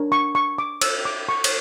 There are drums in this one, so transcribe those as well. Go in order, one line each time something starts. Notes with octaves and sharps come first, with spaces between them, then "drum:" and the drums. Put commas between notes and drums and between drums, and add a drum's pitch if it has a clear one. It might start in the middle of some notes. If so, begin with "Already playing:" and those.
Already playing: D4 A#4 C#5
C#6
C#6
D6
E6, drum: cymbal
D6
C#6
drum: cymbal